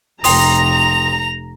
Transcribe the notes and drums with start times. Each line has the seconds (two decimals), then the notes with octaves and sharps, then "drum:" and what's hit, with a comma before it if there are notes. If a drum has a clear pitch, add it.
0.24 F1 G5 A#5 C6 D#6 F7, drum: open hi-hat